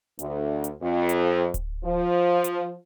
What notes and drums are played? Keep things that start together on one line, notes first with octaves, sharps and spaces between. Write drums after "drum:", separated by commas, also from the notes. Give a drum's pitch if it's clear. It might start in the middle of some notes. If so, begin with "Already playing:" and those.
D2, drum: hi-hat
drum: hi-hat
F2
drum: hi-hat
drum: kick D1, hi-hat
F3
drum: hi-hat